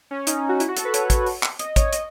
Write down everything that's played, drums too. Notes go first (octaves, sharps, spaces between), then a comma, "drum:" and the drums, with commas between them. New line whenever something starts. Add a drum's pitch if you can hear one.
C#4
D#4, drum: hi-hat
F#4
E4, drum: hi-hat
F#4
A4, drum: hi-hat
B4
C#5, drum: hi-hat
drum: kick, hi-hat
drum: open hi-hat
drum: clap
D#5, drum: hi-hat
C#5, drum: kick, hi-hat
D#5, drum: hi-hat